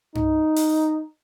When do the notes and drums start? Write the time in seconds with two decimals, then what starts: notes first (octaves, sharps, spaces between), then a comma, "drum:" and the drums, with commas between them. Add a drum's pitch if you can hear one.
0.15 D#4, drum: tom G2
0.56 drum: open hi-hat